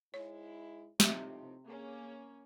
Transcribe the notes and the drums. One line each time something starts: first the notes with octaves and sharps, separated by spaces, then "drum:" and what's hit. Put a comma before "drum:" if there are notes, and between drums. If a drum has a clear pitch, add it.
G#2 G#3 E4 C#5
A2 C3 F3 D#4 G4 E5, drum: snare
A#3 C#4 G#4